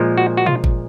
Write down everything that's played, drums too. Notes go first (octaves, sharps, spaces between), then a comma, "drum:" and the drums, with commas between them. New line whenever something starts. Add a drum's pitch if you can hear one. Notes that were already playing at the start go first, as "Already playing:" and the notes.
Already playing: A#2 F3 G#3
F#4
F#4
F4, drum: tom
drum: kick G1